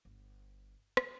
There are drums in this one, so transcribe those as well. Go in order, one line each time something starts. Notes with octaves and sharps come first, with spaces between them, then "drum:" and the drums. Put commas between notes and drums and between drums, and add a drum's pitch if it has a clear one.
G1
drum: rim click